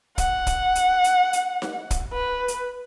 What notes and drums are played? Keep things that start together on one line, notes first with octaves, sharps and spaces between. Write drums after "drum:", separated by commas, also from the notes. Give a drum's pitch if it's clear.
F#5, drum: kick, hi-hat
drum: kick, hi-hat
drum: hi-hat
drum: hi-hat
drum: hi-hat
drum: snare D#4
drum: kick, hi-hat
B4
drum: hi-hat